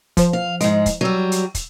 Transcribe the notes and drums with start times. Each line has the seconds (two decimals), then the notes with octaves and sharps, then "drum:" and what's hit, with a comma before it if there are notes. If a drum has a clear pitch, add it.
0.17 F3 C5, drum: kick, hi-hat
0.33 F5
0.61 G#2 G#3, drum: hi-hat
0.86 drum: kick, hi-hat
1.01 F#3 G3 E6 D#7
1.32 drum: hi-hat
1.55 drum: kick, hi-hat